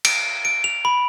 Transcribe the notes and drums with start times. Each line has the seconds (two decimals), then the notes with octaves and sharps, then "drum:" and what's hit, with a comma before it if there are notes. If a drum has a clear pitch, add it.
0.05 D7, drum: cymbal
0.45 D7
0.64 F7
0.85 B5